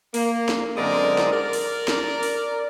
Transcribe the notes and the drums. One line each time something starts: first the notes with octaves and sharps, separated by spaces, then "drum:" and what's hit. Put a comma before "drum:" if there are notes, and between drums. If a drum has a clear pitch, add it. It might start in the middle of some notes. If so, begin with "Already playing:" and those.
A#3, drum: open hi-hat
drum: snare
F#2 D3 G#3 C4 A#4 D5
drum: snare
A#4 D5
drum: open hi-hat
drum: snare
drum: open hi-hat